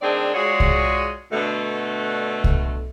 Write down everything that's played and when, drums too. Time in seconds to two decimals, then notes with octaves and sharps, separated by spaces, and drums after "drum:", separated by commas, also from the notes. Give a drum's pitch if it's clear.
0.02 D#3 A3 C4 D4 G#4 D5
0.34 G#3 F4 F#4 G#4 C#5 D5
0.60 drum: kick C2
1.32 B2 D3 A3
2.44 drum: kick C2